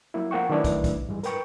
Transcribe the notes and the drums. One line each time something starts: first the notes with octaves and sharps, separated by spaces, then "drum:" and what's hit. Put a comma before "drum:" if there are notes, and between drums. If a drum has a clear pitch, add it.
F#3 A#3 E4
F3 A#3 F#5 G5 C#6
D#3 F#3 A3 D4 E4 B4
drum: kick, hi-hat
drum: kick, hi-hat
G2 E3 G3 G#3
A#4 B4 G5 C#6, drum: hi-hat